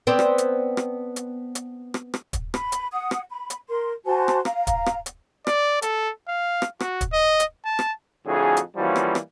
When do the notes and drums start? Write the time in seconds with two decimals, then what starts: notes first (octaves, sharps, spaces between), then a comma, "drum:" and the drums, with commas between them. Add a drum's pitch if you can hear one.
0.07 B3 C4 D4
0.19 drum: rim click
0.38 drum: hi-hat
0.77 drum: rim click
1.16 drum: hi-hat
1.55 drum: hi-hat
1.94 drum: rim click
2.14 drum: rim click
2.33 drum: kick, hi-hat
2.54 B5, drum: rim click
2.72 drum: hi-hat
2.92 F#5 D#6
3.11 drum: rim click
3.30 B5
3.50 drum: hi-hat
3.69 A#4 C6
4.05 F#4 C5 G#5 A5
4.28 drum: rim click
4.45 F5 A#5, drum: rim click
4.67 drum: kick, hi-hat
4.86 drum: rim click
5.06 drum: hi-hat
5.47 D5, drum: rim click
5.82 A4, drum: hi-hat
6.28 F5
6.62 drum: rim click
6.80 F#4, drum: rim click
7.01 drum: kick, hi-hat
7.13 D#5
7.40 drum: hi-hat
7.65 A5
7.79 drum: rim click
8.26 F2 A2 D3 F#4 G#4
8.57 drum: hi-hat
8.76 E3 F3 G3 A#3 C#4 F#4
8.96 drum: rim click
9.15 drum: rim click